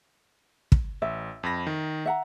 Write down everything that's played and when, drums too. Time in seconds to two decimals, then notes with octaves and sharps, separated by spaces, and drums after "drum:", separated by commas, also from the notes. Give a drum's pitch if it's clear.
0.72 drum: kick
1.02 A1 E5
1.43 F2 B5 A#6
1.67 D#3
2.05 E5 F#5 A#5